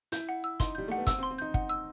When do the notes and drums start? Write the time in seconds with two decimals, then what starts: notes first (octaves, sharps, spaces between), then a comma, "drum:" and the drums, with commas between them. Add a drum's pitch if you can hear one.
0.12 E4 G6, drum: hi-hat
0.29 F#5
0.44 E6
0.60 D#4 C6, drum: kick, hi-hat
0.75 G3 G6
0.88 A3 F#5
0.98 B3
1.07 C4 E6, drum: kick, hi-hat
1.19 C4
1.23 C6
1.31 C4
1.38 D#4 G6
1.54 F#5, drum: kick
1.69 E6